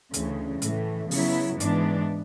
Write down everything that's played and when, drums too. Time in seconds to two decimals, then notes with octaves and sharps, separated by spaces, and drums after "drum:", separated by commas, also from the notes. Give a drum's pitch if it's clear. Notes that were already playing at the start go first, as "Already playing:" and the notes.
0.14 D2 C#3 E3, drum: hi-hat
0.62 A2 E3 A3, drum: hi-hat
1.11 C#3 F#3 B3 E4, drum: open hi-hat
1.60 G#2 E3 B3 D4, drum: hi-hat